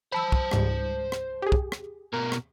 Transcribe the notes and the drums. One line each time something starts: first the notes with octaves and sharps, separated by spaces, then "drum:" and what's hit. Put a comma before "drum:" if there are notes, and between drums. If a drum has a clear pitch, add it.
C5 A5 B5 E6
drum: kick
C#2 G#2 G3, drum: rim click
drum: rim click
G4 G#4
drum: kick
drum: rim click
B2 A#4
drum: rim click